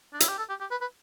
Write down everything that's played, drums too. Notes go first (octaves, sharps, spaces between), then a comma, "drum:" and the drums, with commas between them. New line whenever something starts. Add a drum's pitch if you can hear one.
D4
E4, drum: hi-hat
G4
A4
G4
G4
B4
B4